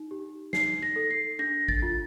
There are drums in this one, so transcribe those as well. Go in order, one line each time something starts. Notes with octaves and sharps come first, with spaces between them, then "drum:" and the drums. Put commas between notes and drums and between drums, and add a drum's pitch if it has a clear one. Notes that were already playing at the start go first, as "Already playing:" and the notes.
Already playing: D#4
G4
D#4 C7, drum: snare
A#6
A4
C7
D4 A#6
A6, drum: kick G#1
F4